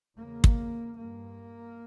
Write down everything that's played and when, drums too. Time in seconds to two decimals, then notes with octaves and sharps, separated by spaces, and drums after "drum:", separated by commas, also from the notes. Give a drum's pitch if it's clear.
0.16 E2 C#3 A#3
0.44 drum: kick
0.97 G2 A#3